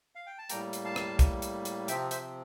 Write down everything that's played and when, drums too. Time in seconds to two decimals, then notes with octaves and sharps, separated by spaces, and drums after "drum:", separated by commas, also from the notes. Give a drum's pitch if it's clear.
0.15 F5
0.27 G5
0.38 A5
0.50 A2 G3 A#3 G5 A#5, drum: hi-hat
0.73 drum: hi-hat
0.85 F5 A5
0.96 drum: rim click
1.19 drum: kick B1, hi-hat
1.42 drum: hi-hat
1.65 drum: hi-hat
1.88 C3 F3 C4 E5 G5, drum: hi-hat
2.11 C5 E5, drum: hi-hat